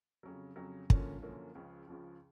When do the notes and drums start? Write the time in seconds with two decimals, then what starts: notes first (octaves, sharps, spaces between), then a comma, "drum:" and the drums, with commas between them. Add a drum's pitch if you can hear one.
0.23 F2 C#3 F#3
0.56 F2 C#3 F#3
0.90 F#2 D3 F3 A#3 C#4, drum: kick
1.22 F#2 D3 F3 A#3 C#4
1.55 C#2 C#3 F3
1.88 C#2 C#3 F3